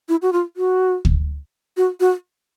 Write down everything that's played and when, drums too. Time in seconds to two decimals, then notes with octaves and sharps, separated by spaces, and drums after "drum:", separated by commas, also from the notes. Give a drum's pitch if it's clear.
0.09 E4
0.22 F#4
0.33 F4
0.57 F#4
1.05 drum: kick
1.77 F#4
2.00 F#4